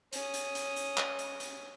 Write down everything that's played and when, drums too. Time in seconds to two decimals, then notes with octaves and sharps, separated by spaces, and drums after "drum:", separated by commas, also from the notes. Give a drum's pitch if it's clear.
0.13 C#4 D#6, drum: hi-hat
0.34 drum: hi-hat
0.55 drum: hi-hat
0.76 drum: hi-hat
0.98 drum: clap
1.19 drum: hi-hat
1.40 drum: hi-hat